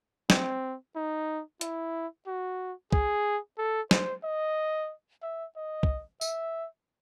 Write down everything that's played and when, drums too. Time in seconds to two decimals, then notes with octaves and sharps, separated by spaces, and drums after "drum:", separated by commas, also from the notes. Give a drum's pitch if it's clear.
0.30 C4, drum: snare
0.96 D#4
1.61 E4, drum: hi-hat
2.27 F#4
2.93 G#4, drum: kick
3.58 A4
3.91 C5, drum: snare
4.24 D#5
5.23 E5
5.56 D#5
5.83 drum: kick
6.21 E5, drum: tambourine